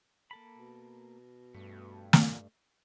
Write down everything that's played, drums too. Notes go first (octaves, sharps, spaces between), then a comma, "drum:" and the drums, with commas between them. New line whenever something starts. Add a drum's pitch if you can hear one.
A#3 A4 B5
B2
G2 A3
drum: snare